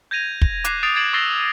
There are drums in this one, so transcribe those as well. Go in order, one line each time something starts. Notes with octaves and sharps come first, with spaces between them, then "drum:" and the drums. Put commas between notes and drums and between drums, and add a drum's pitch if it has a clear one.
G6 G#6 A#6 D#7 F7
drum: kick
D6 F#6 A#6 C7 F7, drum: hi-hat
D#6 A6 C7 D7 F7
G#6 A6 C7 D7 E7 F#7
C#6 E6 A6 A#6 C7 G7